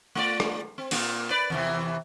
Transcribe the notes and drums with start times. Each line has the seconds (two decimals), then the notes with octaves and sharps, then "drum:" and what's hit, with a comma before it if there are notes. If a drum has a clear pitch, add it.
0.15 A3 F4 D5
0.40 drum: rim click
0.78 C4
0.91 A#2 A#3 F4, drum: open hi-hat
1.30 B4 D5
1.50 E2 C3 E3